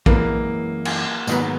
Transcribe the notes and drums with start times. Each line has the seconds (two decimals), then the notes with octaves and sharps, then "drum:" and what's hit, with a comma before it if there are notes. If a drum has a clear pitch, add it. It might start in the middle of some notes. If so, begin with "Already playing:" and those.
0.06 F#2 E3 G#3 A#3, drum: kick
0.85 drum: cymbal
1.27 G#2 D#3 F#3 B3, drum: tambourine